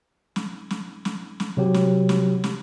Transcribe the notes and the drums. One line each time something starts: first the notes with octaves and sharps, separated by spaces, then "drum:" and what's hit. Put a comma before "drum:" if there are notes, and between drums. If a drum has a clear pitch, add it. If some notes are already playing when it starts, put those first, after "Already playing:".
drum: snare
drum: snare
drum: snare
drum: snare
C3 F#3 G4
drum: snare
drum: snare
drum: snare